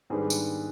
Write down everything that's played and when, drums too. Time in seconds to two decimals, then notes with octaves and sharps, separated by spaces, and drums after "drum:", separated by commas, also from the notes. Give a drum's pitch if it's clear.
0.10 G#2 D#3 G3 B3 D4 G#4
0.30 drum: tambourine